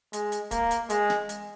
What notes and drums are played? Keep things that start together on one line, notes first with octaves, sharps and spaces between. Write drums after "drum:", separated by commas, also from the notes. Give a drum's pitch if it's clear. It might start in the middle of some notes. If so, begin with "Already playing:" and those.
G#3, drum: hi-hat
drum: hi-hat
A#3, drum: kick D1, hi-hat
drum: hi-hat
G#3, drum: hi-hat
drum: snare
drum: hi-hat